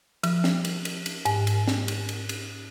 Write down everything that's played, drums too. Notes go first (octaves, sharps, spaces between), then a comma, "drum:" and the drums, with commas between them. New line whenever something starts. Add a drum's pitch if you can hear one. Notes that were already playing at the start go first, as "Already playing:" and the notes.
F3, drum: cymbal
drum: snare
drum: cymbal
drum: cymbal
drum: cymbal
G#2, drum: cymbal
drum: cymbal
drum: snare
drum: cymbal
drum: cymbal
drum: cymbal